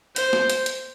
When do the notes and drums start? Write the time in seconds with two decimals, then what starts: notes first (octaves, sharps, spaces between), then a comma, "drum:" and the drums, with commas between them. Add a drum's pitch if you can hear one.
0.16 C5, drum: hi-hat
0.33 drum: snare
0.50 drum: hi-hat
0.66 drum: hi-hat